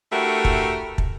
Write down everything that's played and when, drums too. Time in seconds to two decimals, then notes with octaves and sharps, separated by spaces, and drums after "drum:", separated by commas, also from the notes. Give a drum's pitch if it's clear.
0.12 A3 D4 E4 F#4 G4 A#4
0.45 drum: kick
0.98 drum: kick